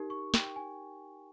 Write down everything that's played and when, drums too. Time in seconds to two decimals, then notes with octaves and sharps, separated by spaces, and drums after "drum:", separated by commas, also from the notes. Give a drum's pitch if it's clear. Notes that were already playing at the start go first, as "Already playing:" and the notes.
Already playing: D#4 G4 A#4
0.10 C#6
0.34 G5, drum: snare
0.56 G#5